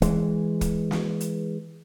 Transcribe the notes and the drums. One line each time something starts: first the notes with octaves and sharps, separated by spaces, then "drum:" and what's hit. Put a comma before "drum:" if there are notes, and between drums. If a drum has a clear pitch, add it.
E3 G#3, drum: kick, hi-hat
drum: kick, hi-hat
drum: snare
drum: hi-hat